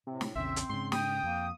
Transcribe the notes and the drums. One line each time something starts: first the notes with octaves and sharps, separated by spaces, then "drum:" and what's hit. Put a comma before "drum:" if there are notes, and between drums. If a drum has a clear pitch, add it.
A2 C3
drum: snare
A#1 E2 C#3 C4 E5
drum: hi-hat
G#2 C#3 C6
G5 D#6, drum: snare
F2 A#3